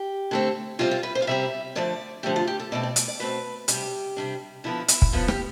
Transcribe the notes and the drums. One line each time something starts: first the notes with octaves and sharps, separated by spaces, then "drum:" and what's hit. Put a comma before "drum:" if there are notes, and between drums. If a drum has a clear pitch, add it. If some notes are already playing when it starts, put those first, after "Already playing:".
Already playing: G4
D3 A3 C4
C3 G3 C4 F4
F4
B4
C5
F5
C3 G3 C4 E5
D3 F3 A3 D5
D3 F3 A3 G4
F4
G4
A4
B2 A3 C4 D5
D5
D5, drum: hi-hat
D5
B2 A3 C4 B4
C3 G3 D4 G4, drum: hi-hat
C3 G3 D4
D3 F3 B3 E4
E4, drum: hi-hat
drum: kick
D3 F3 B3 F4
G4, drum: rim click